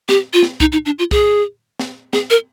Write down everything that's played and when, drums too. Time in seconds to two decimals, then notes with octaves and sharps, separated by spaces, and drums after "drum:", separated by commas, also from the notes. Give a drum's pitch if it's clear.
0.09 G4, drum: snare
0.33 F4
0.43 drum: snare
0.60 D#4, drum: kick
0.72 D#4
0.86 D4
0.99 F4
1.11 G#4, drum: kick
1.79 drum: snare
2.13 G#4, drum: snare
2.30 A#4